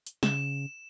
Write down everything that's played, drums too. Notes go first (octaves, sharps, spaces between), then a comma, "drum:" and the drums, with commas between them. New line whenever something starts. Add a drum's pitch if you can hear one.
drum: hi-hat
C#3 E7, drum: snare